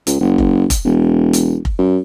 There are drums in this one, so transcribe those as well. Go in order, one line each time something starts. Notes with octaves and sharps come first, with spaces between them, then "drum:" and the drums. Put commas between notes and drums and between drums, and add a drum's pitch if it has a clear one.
C#2, drum: hi-hat
F#1
drum: kick F1
drum: kick F1, hi-hat
E1
drum: hi-hat
drum: kick F1
F#2